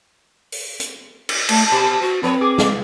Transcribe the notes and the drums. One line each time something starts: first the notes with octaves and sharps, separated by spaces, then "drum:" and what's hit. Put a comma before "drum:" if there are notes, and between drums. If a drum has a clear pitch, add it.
drum: open hi-hat
drum: hi-hat
drum: cymbal
A3 A5, drum: cymbal
B2 G4
C4 F#4
F2 C4 B4 C#5
G#4 D6
drum: snare